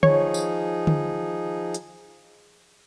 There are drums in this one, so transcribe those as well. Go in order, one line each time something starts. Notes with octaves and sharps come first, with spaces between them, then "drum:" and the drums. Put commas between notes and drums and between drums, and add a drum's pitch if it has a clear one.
F3 D#4 G#4 C#5, drum: tom D3
drum: tambourine
drum: tom D3
drum: hi-hat